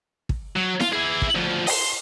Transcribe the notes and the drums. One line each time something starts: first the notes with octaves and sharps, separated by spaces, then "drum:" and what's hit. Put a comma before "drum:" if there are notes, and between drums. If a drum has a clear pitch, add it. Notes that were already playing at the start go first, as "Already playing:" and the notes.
drum: kick
F#3
F4, drum: snare E4
E4 G#4
drum: kick
D2 F3
D#5 C6, drum: open hi-hat